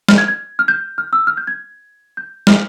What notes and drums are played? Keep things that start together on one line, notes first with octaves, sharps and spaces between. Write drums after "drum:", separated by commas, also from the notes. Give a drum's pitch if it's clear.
F6, drum: snare
G#6
G#6
F6
G6
F6
E6
F6
G6
G#6
G6
F6, drum: snare